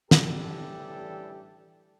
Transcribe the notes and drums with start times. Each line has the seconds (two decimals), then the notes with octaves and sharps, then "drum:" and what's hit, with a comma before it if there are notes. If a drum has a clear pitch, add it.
0.11 A1 E3 G3 D4 G4 A4, drum: snare